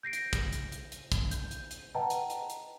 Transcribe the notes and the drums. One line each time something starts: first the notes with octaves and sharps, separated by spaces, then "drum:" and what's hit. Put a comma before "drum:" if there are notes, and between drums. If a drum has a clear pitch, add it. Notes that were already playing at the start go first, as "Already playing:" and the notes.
G6 A#6 C7 D7
drum: hi-hat
drum: kick, hi-hat
drum: hi-hat
drum: hi-hat
drum: hi-hat
drum: kick, hi-hat
G6, drum: hi-hat
drum: hi-hat
drum: hi-hat
B4 D#5 F#5 G5 A5 A#5
drum: hi-hat
drum: hi-hat
drum: hi-hat